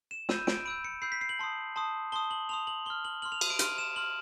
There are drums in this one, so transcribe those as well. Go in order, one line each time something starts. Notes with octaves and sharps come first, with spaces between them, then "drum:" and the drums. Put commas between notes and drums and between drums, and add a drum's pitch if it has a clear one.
E7
B5 E6 G6 D#7, drum: snare
D7, drum: snare
B5 E6 G6 D7
C#7
B5 E6 G6 C7
B6
C7
F#7
A5 C6 D#6
A5 C6 D#6
A5 C6 D#6 G7
F#7
A5 C6 D#6 F7
F#7
C6 F6 G7
F#7
C6 F6 F#7
F7
D#7, drum: cymbal
D7
C6 F6 D#7, drum: hi-hat
E7
C6 F6 F#7